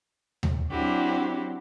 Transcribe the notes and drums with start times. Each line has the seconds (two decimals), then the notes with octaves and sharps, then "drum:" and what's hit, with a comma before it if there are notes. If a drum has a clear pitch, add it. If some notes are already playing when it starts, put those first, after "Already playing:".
0.43 drum: tom D#2
0.70 F#3 C4 D4 E4 F#4 G4